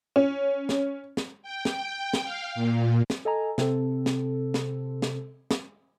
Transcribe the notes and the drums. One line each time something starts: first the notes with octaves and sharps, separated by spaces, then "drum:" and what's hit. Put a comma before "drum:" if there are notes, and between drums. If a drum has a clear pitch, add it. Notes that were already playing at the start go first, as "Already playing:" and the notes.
C#4
drum: snare
drum: snare
G5
drum: snare
G5
drum: snare
F5
A#2
drum: snare
A4 D#5 G#5 A#5
C3 C4 A4, drum: snare
drum: snare
drum: snare
drum: snare
drum: snare